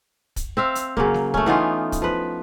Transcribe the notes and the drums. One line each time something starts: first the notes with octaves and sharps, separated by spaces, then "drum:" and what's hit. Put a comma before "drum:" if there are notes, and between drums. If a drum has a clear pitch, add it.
drum: kick, hi-hat
C4 E5 F5
drum: hi-hat
C#3 F#3 A#3, drum: kick
drum: snare
A3 C#4, drum: kick
E3 B3 D#4 F4
drum: kick, hi-hat
F3 B4